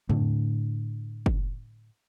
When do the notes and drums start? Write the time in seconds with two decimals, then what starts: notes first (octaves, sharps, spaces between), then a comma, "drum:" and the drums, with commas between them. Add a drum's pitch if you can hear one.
0.09 A2 D3, drum: tom
1.26 drum: kick